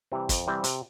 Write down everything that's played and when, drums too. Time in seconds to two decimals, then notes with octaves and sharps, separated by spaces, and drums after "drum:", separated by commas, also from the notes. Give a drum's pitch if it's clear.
0.12 C3 E3 G3 C4
0.29 F2, drum: kick, hi-hat
0.47 C3 E3 G3 C4
0.64 C3, drum: hi-hat